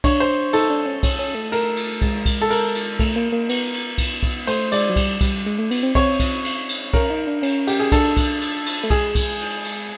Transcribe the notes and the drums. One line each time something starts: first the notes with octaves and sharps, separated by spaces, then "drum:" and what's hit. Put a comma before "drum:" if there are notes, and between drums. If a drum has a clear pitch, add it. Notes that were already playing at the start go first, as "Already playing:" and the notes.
D4 C#5, drum: kick B1, cymbal
C5
D#4 A4, drum: cymbal
D4
C#4
C#4, drum: kick B1, cymbal
C#4
A3
A#4, drum: cymbal
drum: cymbal
G#3, drum: kick B1, cymbal
drum: kick B1, cymbal
A4
A#4, drum: cymbal
drum: cymbal
A3, drum: kick B1, cymbal
A#3
A#3
B3, drum: cymbal
drum: cymbal
drum: kick B1, cymbal
drum: kick B1, cymbal
A3 C5, drum: cymbal
G#3 D5, drum: cymbal
F#3
G3, drum: kick B1, cymbal
G3, drum: kick B1, cymbal
G#3
A3
B3, drum: cymbal
C4
C4 C#5, drum: kick B1, cymbal
drum: kick B1, cymbal
drum: cymbal
drum: cymbal
C#4 A#4, drum: kick B1, cymbal
D#4
D4
C#4, drum: cymbal
G4, drum: cymbal
G#4
D4 A4, drum: kick B1, cymbal
drum: kick B1, cymbal
drum: cymbal
drum: cymbal
A3
G#3 G#4, drum: kick B1, cymbal
drum: kick B1, cymbal
drum: cymbal
drum: cymbal